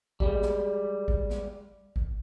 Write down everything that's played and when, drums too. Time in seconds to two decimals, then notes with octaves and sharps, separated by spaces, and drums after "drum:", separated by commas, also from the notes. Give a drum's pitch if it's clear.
0.20 G3 G#3, drum: kick G#1
0.42 drum: snare
1.08 drum: kick G#1
1.30 drum: snare
1.96 drum: kick G#1